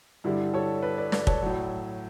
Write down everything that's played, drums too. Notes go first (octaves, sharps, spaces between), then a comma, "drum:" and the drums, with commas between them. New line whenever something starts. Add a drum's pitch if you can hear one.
G2 D3 G3 E4
A4 C#5
B4 D5
B4 D5
B4 D5, drum: snare
A4 C#5, drum: kick
A2 F#3